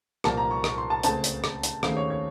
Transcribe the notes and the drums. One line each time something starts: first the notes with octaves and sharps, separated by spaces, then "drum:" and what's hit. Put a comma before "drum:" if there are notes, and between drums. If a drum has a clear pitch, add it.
C2 A#2 F3 A#3 A5, drum: rim click
A#5
C#6
C#6, drum: rim click
C6
A5
C#2 C#3 A3 C4 A5, drum: hi-hat
drum: hi-hat
drum: rim click
drum: hi-hat
D#2 C#3 A3 C4 F5, drum: rim click
C#5
C#5